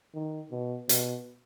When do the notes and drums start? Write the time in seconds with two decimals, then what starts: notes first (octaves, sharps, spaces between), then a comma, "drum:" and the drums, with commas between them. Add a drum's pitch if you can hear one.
0.15 D#3
0.52 B2
0.89 B2, drum: hi-hat